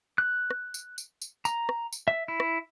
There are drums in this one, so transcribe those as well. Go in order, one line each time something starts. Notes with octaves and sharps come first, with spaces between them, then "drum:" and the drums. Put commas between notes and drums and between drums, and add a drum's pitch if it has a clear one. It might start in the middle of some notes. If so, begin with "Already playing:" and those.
F#6
drum: rim click
drum: tambourine
drum: tambourine
drum: tambourine
A#5, drum: tambourine
drum: rim click
drum: tambourine
E5
E4
drum: rim click